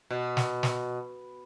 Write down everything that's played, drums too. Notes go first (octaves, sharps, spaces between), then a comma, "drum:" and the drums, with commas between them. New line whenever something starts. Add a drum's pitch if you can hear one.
B2
drum: snare
drum: snare